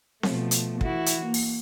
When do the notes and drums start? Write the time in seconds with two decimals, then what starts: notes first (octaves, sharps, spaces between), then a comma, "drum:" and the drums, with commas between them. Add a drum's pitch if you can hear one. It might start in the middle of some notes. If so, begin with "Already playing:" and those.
0.23 B2 F3 A3, drum: snare C4
0.51 drum: hi-hat
0.81 E3 E4 F#4, drum: kick
1.06 drum: hi-hat
1.25 A#3
1.34 drum: open hi-hat